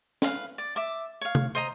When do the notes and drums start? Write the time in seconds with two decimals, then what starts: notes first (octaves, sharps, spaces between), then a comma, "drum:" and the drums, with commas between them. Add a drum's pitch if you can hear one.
0.22 B4 F5, drum: snare
0.58 D5
0.76 E5 D6
1.21 C#5 F5
1.35 drum: tom C3
1.55 C5 D#5 A#5